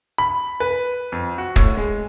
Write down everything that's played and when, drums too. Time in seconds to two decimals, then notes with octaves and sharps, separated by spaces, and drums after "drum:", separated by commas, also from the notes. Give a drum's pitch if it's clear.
0.18 B5
0.60 B4
1.12 F2
1.38 F#4
1.56 A2, drum: kick
1.77 G#3